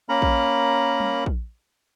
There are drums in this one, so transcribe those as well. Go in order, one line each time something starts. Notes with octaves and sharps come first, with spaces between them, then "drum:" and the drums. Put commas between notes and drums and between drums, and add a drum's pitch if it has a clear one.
A#3 C#4 A#4 A#5 B5
drum: kick A#1
drum: tom G3
drum: kick A#1